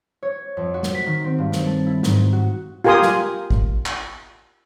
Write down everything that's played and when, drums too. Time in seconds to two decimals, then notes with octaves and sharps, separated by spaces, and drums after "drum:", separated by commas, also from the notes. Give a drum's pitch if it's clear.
0.23 C#5
0.57 F2
0.74 F#4
0.83 drum: snare
0.95 B6
1.06 D#3
1.24 C4
1.39 G2
1.52 drum: snare
1.66 A4
1.86 E4
2.03 G#2, drum: snare
2.33 F#4
2.84 F4 G4 A#4 G#5 C6 D#6
3.02 drum: snare
3.50 drum: kick
3.86 drum: clap